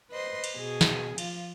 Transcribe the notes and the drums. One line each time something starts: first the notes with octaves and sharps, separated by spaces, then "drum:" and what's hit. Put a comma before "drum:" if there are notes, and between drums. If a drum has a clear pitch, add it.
B4 C5 D#5 C6
drum: cymbal
B2 G#4
drum: snare
F3 F4, drum: cymbal